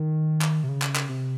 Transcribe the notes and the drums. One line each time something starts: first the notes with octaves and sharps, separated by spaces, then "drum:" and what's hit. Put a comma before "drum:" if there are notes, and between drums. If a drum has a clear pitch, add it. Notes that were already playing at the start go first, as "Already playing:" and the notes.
Already playing: D#3
drum: clap
C3
C#3
drum: clap
drum: clap
C3